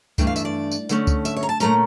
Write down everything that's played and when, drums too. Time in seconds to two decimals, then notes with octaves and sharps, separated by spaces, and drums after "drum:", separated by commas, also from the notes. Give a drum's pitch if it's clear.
0.18 G2 E3 A3 D4 G5, drum: kick C#2, tambourine
0.27 F5
0.36 E5, drum: tambourine
0.45 D5
0.72 drum: tambourine
0.89 D3 A3 C#4, drum: tambourine
1.07 drum: kick C#2, tambourine
1.25 E5, drum: tambourine
1.36 C#5
1.43 A#5
1.49 A5
1.60 A#2 A3 C#4 A#5, drum: tambourine